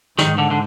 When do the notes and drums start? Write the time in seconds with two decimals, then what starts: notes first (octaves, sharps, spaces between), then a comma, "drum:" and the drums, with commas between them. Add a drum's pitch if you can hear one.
0.18 G#2 D#3, drum: snare
0.38 D3
0.51 D3